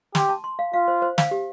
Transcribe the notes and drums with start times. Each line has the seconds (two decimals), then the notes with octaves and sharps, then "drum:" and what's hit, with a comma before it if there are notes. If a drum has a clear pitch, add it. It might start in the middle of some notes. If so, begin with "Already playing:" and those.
0.15 G4 C6, drum: snare
0.29 A5
0.44 C6
0.59 F5
0.73 F4 F5
0.88 C5
1.02 C5
1.18 F5, drum: snare
1.31 G4